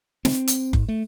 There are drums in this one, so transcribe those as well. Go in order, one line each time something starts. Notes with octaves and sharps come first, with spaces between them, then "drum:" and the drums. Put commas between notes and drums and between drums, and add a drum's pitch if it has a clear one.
C4, drum: snare
drum: hi-hat
G#2, drum: kick F#1
A3